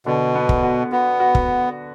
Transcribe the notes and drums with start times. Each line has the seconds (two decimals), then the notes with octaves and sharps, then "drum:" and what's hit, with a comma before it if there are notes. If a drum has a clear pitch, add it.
0.06 B2 D3
0.35 B3
0.49 drum: kick
0.63 F#4
0.92 B3 F#4
1.20 F#4
1.35 drum: kick